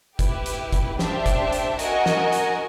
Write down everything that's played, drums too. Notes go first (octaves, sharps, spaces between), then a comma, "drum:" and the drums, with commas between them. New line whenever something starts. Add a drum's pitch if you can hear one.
E4 G4 B4, drum: kick F#1, hi-hat
drum: hi-hat
drum: kick F#1, hi-hat
D4 G4 C5 E5, drum: snare
drum: kick F#1, hi-hat
drum: hi-hat
F#4 A#4 D#5 G#5, drum: hi-hat
drum: snare
drum: hi-hat